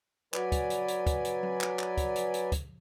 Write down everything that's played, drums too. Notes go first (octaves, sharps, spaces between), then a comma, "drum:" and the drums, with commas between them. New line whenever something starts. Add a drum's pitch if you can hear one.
F#3 B4 D5 G#5, drum: clap
drum: kick, hi-hat
drum: hi-hat
drum: hi-hat
drum: kick, hi-hat
drum: hi-hat
drum: tom F#3
drum: clap
drum: clap
drum: kick, hi-hat
drum: hi-hat
drum: hi-hat
drum: kick, hi-hat